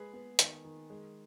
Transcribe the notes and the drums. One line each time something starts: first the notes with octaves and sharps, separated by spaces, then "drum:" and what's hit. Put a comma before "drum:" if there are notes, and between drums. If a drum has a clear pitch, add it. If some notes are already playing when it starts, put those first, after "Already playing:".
Already playing: G#3 G#4 B4
B3
D#3, drum: hi-hat
D#3
G#3